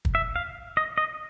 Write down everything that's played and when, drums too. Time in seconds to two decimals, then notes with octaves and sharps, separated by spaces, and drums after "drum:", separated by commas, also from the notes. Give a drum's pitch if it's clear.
0.05 drum: kick
0.15 E5
0.36 F5
0.77 D#5
0.98 D#5